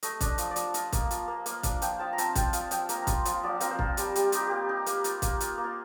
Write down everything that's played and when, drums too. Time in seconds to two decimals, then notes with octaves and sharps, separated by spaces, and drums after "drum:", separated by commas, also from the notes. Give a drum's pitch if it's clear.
0.03 A3 D#5, drum: hi-hat
0.21 D4, drum: kick, hi-hat
0.26 D#5
0.38 F3, drum: hi-hat
0.51 D5
0.56 F3, drum: hi-hat
0.74 F4 D#5, drum: hi-hat
0.92 A#3, drum: kick, hi-hat
1.11 F4, drum: hi-hat
1.28 A#3
1.46 A#3 F5, drum: hi-hat
1.63 D4 F5, drum: kick, hi-hat
1.82 F3 G5, drum: hi-hat
1.99 F3 A5
2.13 A#5
2.18 C4 A5, drum: hi-hat
2.35 F4 G5, drum: kick, hi-hat
2.53 F3 F5, drum: hi-hat
2.71 F3 G5, drum: hi-hat
2.89 A#3 A#5, drum: hi-hat
3.02 A#5
3.07 F4 C6, drum: kick, hi-hat
3.25 F3, drum: hi-hat
3.43 F3 D5
3.60 C4 A#4, drum: hi-hat
3.70 C5
3.79 F4 A#4, drum: kick
3.97 G3, drum: hi-hat
4.15 G3, drum: hi-hat
4.32 D#4 G4, drum: hi-hat
4.40 F4
4.47 A#3 G4
4.69 D#4
4.86 A#3, drum: hi-hat
5.04 F4, drum: hi-hat
5.22 A#3, drum: kick, hi-hat
5.40 F4, drum: hi-hat
5.58 A#3
5.64 F4